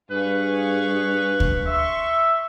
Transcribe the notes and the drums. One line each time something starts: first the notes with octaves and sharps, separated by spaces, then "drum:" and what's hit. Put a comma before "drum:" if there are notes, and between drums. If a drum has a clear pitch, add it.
G2 G#4 B4 F5 C#6
drum: kick
E5 C6 C#6